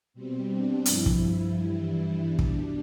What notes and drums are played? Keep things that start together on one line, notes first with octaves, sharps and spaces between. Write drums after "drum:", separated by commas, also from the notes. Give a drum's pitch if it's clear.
B2 G3 C4
D4
G2 F3 E4, drum: hi-hat
drum: kick
E4
G2 E3 G3
B2 G3 D4
drum: kick